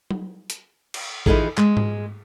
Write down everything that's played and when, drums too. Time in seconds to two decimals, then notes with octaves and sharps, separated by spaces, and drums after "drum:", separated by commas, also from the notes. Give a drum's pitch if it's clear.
0.11 drum: tom F#3
0.50 drum: hi-hat
0.94 drum: cymbal
1.26 E3 D#4 F4 G#4 A4, drum: kick A1
1.57 G#3, drum: clap
1.77 drum: tom G#2